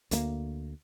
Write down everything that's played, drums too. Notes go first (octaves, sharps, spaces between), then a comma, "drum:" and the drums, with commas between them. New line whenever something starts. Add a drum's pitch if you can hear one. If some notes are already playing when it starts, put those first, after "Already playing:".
D2 A3 A#3, drum: hi-hat